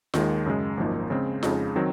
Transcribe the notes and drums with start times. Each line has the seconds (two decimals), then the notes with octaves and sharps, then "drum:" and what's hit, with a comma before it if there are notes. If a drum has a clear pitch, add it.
0.14 D#2 D#3 G#3, drum: snare F4
0.46 F#2 C#3 G#3
0.77 G#1 F#2 F3 A#3 D#4
1.10 C#3 G#3 C4
1.43 F2 C#3 G#3 D#4, drum: snare F4
1.76 D#3 F#3 C4